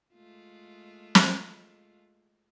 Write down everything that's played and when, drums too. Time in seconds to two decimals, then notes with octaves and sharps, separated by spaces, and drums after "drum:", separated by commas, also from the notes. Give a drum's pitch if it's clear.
0.13 G#3 A3 F4
1.15 drum: snare